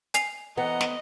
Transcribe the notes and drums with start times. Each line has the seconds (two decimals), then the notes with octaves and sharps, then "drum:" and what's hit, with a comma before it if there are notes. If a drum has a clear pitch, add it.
0.14 G#5 C7 F7, drum: hi-hat
0.58 E3 B3 D#5 F#5 A#5
0.81 drum: snare